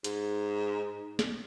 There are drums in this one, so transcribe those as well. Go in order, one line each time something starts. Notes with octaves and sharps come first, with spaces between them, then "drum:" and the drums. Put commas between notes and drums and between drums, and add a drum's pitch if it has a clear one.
G#2, drum: hi-hat
drum: snare